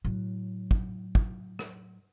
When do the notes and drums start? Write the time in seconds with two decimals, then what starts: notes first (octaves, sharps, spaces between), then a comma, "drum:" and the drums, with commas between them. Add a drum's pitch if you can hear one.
0.05 A2 F#3
0.71 drum: kick
1.15 drum: kick
1.59 drum: rim click